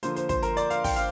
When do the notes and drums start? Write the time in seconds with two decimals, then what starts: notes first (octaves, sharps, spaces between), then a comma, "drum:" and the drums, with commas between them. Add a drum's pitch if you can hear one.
0.03 D3 F3 A#3 C5, drum: hi-hat
0.16 C5, drum: hi-hat
0.29 C5, drum: kick, hi-hat
0.43 A#4, drum: hi-hat
0.57 D5, drum: hi-hat
0.70 F5, drum: hi-hat
0.84 G5, drum: kick, open hi-hat
0.96 F5, drum: hi-hat